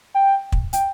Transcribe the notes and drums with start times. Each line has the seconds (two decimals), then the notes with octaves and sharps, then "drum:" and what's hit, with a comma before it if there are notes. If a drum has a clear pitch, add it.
0.14 G5
0.52 drum: kick
0.73 G5, drum: hi-hat